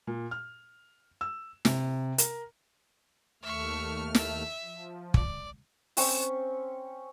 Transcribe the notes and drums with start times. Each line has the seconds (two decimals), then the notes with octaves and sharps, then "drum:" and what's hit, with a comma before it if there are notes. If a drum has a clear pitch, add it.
0.07 A#2
0.31 F6
1.21 E6
1.65 C3, drum: snare
2.18 A#4, drum: hi-hat
3.43 D#2 A3 E5 C#6 F6
4.15 E5, drum: snare
4.62 F3
5.14 D5, drum: kick
5.97 C4 C#4 B5 C#6, drum: open hi-hat